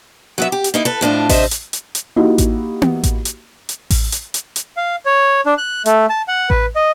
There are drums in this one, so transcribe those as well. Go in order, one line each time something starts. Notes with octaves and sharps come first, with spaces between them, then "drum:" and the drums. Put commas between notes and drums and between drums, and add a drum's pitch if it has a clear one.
F#3 B3 E5
G4
drum: hi-hat
A#3 D#4 E4
A4 B4
F2 A2 D4 F4
C3 C5 D#5 E5, drum: kick A1, open hi-hat
drum: hi-hat
drum: hi-hat
drum: hi-hat
A#3 D#4 E4 F#4 G4
drum: kick A1, hi-hat
drum: tom B3
drum: kick A1, hi-hat
drum: hi-hat
drum: hi-hat
drum: kick A1, open hi-hat
drum: hi-hat
drum: hi-hat
drum: hi-hat
F5
C#5
D4
F#6
A3, drum: hi-hat
A5
F#5
B4, drum: kick A1
D#5